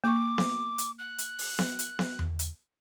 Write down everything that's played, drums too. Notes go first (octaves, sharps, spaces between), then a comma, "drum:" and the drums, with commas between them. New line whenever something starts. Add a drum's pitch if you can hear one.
A#3 C#6 D6
drum: snare B3
drum: hi-hat
F#6
drum: hi-hat
drum: open hi-hat
drum: snare B3
drum: hi-hat
drum: snare B3
drum: tom E2
drum: hi-hat